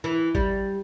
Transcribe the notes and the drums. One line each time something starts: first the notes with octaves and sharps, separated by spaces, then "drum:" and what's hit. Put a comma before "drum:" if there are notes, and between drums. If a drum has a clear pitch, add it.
E3
G3, drum: kick